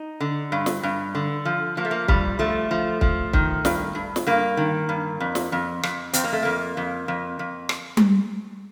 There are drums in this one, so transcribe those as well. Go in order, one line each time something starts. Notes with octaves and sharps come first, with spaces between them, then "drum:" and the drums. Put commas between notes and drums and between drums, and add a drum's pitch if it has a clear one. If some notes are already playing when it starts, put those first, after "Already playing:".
Already playing: D#4
D3
G2
drum: snare
G2
D3
F3
F3 A#3
A3
A#3
G2 G3, drum: kick
F3 A3
F3
F3, drum: kick
D#3, drum: kick
G2, drum: snare
G2
drum: snare
G2 A#3
D#3
G2
F2
drum: snare
F2
F2, drum: rim click
F2 C4, drum: hi-hat
A#3
A3
F2 A#3
F2
F2
F2
drum: rim click
drum: tom G3